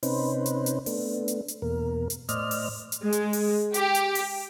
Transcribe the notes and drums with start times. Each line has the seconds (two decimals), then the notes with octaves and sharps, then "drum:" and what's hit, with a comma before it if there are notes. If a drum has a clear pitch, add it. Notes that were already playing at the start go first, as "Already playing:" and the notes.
0.03 C3 C4 C#4 D#4 B4 C5, drum: open hi-hat
0.46 drum: hi-hat
0.66 drum: hi-hat
0.86 A3 B3 D4, drum: open hi-hat
1.28 drum: hi-hat
1.48 drum: hi-hat
1.62 E2 B2 A#3 A#4
2.10 drum: hi-hat
2.29 A2 C5 D5 D#5 F6, drum: hi-hat
2.51 drum: open hi-hat
2.92 drum: hi-hat
3.02 G#3
3.12 drum: hi-hat
3.33 drum: open hi-hat
3.74 G4, drum: hi-hat
3.95 drum: hi-hat
4.15 drum: open hi-hat